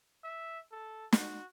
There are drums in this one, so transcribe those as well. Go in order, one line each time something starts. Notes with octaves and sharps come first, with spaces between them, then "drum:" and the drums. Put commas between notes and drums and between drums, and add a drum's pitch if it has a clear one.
E5
A4
F#4, drum: snare